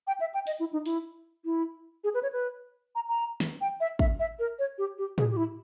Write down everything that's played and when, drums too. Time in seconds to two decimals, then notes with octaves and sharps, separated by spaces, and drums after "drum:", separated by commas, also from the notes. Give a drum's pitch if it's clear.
0.07 G5
0.20 E5
0.34 G5
0.47 D#5, drum: open hi-hat
0.60 E4
0.73 D#4
0.86 E4, drum: open hi-hat
1.45 E4
2.04 G#4
2.14 B4
2.23 C#5
2.33 B4
2.95 A#5
3.09 A#5
3.40 drum: snare
3.61 G5
3.80 E5
3.99 E5, drum: kick
4.20 E5
4.39 A#4
4.59 C#5
4.78 G4
4.98 G4
5.18 G#4, drum: tom A2
5.31 G4
5.37 E4